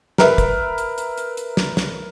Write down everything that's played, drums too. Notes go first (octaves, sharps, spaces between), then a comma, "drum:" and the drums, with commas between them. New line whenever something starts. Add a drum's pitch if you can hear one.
A#4 B4 E5, drum: snare
drum: kick, hi-hat
drum: hi-hat
drum: hi-hat
drum: hi-hat
drum: hi-hat
drum: snare
drum: snare